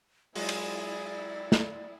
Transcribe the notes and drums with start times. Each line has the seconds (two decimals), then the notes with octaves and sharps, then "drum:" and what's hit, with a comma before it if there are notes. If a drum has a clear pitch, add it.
0.35 F#3 G#3 E4 F4 G#4 D5, drum: open hi-hat
0.49 drum: cymbal
1.52 drum: snare